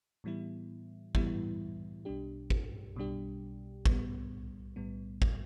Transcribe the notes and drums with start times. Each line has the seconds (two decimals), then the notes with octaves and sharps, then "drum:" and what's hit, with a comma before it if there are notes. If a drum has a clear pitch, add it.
0.24 A2 E3 G3 B3 E4
1.15 A2 E3 G3 B3 E4, drum: kick G#1
2.05 B1 B2 G3 D4 G4
2.50 drum: kick G#1
2.96 B1 B2 G3 D4 G4
3.86 B1 A2 G3 B3, drum: kick G#1
4.76 B1 A2 G3 B3
5.22 drum: kick G#1